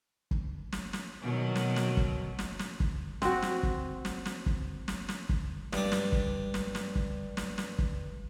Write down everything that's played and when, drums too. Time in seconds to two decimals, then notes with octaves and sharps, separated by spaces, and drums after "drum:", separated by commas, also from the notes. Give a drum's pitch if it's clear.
0.31 drum: kick
0.72 drum: snare
0.93 drum: snare
1.22 B2 D#3 F#3
1.56 drum: snare
1.76 drum: snare
1.97 drum: kick
2.39 drum: snare
2.59 drum: snare
2.80 drum: kick
3.22 C4 F#4, drum: snare
3.42 drum: snare
3.63 drum: kick
4.05 drum: snare
4.26 drum: snare
4.46 drum: kick
4.88 drum: snare
5.09 drum: snare
5.29 drum: kick
5.73 G2 D4, drum: snare
5.92 drum: snare
6.12 drum: kick
6.54 drum: snare
6.75 drum: snare
6.95 drum: kick
7.37 drum: snare
7.58 drum: snare
7.79 drum: kick